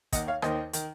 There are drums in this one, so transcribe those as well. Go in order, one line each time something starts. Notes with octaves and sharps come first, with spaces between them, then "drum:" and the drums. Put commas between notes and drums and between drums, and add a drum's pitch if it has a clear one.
D#2 D#3 D#5 F#5, drum: kick, hi-hat
C#5 F5
D#2 D#3 C5 D#5, drum: rim click
D#3, drum: hi-hat